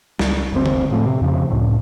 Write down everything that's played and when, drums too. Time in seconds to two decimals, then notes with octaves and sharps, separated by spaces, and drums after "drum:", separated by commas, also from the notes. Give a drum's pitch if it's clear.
0.19 C#2 G3, drum: snare
0.52 F#1 D2 C4
0.66 drum: tom C#3
0.91 A2 F3 A3
1.06 C3
1.21 F2 C#3 F3
1.50 C#2 A2